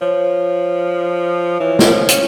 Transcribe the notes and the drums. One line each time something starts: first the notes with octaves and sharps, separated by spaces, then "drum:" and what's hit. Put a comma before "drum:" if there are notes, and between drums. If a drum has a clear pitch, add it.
F3 C#5
E3 C#5
G3, drum: snare
F3
C4, drum: hi-hat
C#4